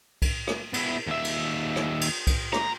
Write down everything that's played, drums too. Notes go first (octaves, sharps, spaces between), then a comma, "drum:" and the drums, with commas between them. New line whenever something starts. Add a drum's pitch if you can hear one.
drum: kick C2, cymbal
drum: rim click
B2 E4, drum: cymbal
D#2 E5
drum: cymbal
drum: rim click
drum: cymbal
drum: kick C2, cymbal
A#5, drum: rim click